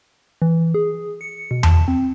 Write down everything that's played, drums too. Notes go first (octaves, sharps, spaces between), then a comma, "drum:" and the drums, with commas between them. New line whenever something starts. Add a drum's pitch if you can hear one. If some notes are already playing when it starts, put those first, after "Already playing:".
E3
G#4
C#7
B2
A5, drum: tom E2
C4